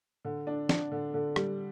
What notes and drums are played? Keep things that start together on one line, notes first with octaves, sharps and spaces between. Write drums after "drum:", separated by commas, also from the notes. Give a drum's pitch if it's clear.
D3
D4
D4, drum: snare
D3
D3
G3, drum: rim click